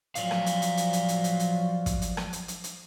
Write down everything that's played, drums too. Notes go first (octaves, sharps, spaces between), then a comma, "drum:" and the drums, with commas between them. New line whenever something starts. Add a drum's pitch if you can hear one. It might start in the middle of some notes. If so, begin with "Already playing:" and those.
F3 F#3 D5 F5, drum: hi-hat
drum: rim click
drum: hi-hat
drum: hi-hat
drum: hi-hat
drum: hi-hat
drum: hi-hat
drum: hi-hat
drum: hi-hat
drum: kick, hi-hat
drum: hi-hat
drum: rim click
drum: hi-hat
drum: hi-hat
drum: hi-hat